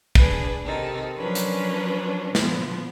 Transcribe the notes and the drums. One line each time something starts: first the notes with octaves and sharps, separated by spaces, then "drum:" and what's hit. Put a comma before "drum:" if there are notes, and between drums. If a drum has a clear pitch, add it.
D4 G#4 B4, drum: kick
C3 D#3 D#4 A4
F3 F#3 C#4 D4 A#4 B4
drum: hi-hat
A#2 D3 F3 B3, drum: snare